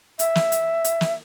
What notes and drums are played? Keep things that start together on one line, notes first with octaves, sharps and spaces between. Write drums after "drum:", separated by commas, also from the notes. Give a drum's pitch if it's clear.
E5, drum: hi-hat
drum: snare
drum: hi-hat
drum: hi-hat
drum: snare